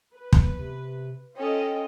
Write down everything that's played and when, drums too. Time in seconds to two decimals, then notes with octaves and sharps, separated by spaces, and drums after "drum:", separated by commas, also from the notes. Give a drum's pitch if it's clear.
0.16 B4
0.33 drum: kick
0.57 C3
1.36 C#4 F4 A4 D#5 G5